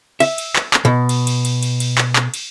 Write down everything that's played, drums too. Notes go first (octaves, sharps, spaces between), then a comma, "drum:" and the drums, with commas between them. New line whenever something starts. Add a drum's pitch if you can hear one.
E5, drum: cymbal
drum: cymbal
drum: clap
drum: clap
B2
drum: cymbal
drum: cymbal
drum: cymbal
drum: cymbal
drum: cymbal
drum: clap
drum: clap
drum: cymbal